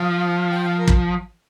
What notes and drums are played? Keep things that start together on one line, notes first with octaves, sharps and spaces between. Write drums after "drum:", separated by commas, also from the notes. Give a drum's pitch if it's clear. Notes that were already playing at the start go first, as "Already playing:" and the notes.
Already playing: F3 F5
G5
F5
A#4
drum: kick